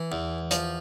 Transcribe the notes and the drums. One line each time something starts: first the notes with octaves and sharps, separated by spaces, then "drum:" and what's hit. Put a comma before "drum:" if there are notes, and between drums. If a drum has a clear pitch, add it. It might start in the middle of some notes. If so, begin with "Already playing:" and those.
Already playing: E3
E2
F3, drum: hi-hat